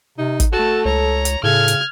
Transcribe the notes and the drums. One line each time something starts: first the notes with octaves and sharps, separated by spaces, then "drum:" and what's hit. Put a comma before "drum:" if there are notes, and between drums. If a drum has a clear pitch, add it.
C3 D#4
drum: kick, hi-hat
A3 F#4 A4 A5
C#2 C#5 A#5
drum: hi-hat
A2 C#3 A4 F6 G#6
drum: hi-hat